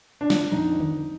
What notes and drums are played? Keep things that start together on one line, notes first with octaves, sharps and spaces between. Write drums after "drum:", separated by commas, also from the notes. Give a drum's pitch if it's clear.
D4
drum: snare
F2 D3 D#4
drum: tom D3